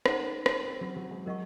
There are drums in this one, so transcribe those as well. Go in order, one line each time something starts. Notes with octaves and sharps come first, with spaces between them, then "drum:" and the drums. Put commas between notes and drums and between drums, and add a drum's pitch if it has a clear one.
C#4 D#4 G#4 C5 F#5 A#5, drum: rim click
drum: rim click
C4
F#3
F#3
G#3
F#3 A#4 D#5 F#5 C#6